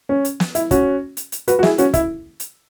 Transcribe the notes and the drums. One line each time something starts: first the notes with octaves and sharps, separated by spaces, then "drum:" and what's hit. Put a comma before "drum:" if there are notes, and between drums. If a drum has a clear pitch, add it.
C#4
drum: hi-hat
drum: snare
E4, drum: hi-hat
C#4 F#4, drum: kick, hi-hat
drum: hi-hat
drum: hi-hat
F#4 B4, drum: hi-hat
F#4
E4 G#4, drum: snare
C#4 F#4, drum: hi-hat
E4, drum: kick, hi-hat
drum: hi-hat